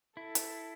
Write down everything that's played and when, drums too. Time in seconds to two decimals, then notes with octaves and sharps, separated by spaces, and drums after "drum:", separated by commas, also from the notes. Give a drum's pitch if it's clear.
0.17 E4 A4
0.35 drum: hi-hat